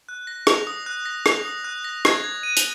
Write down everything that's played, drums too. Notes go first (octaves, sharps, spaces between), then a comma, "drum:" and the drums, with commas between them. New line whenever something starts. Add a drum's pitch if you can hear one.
F#6
A#6
F7, drum: rim click
D#6
F#6
A#6
F7, drum: rim click
D#6
F#6
A#6
G#6, drum: rim click
G#6
D#7
drum: hi-hat